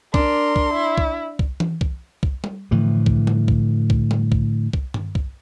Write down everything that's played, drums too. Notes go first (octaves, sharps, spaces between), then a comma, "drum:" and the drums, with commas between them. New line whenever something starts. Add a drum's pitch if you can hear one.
D4 A#4 C6, drum: kick C2
drum: kick C2
E4
drum: kick C2
drum: kick C2
drum: tom E3
drum: kick C2
drum: kick C2
drum: tom G3
A2 D3 E3 F3
drum: kick C2
drum: tom G3
drum: kick C2
drum: kick C2
drum: tom G3
drum: kick C2
drum: kick C2
drum: tom G2
drum: kick C2